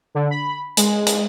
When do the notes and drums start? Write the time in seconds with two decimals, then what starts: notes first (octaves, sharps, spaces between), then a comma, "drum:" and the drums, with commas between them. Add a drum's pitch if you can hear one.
0.15 D3
0.30 B5
0.77 G#3, drum: hi-hat
1.06 drum: hi-hat